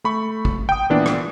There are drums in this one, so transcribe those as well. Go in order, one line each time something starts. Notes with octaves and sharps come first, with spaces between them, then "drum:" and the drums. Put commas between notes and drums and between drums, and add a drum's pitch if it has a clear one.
A3 B5 C#6
drum: kick
G5 D#6
A#2 E3 B3 D4
drum: rim click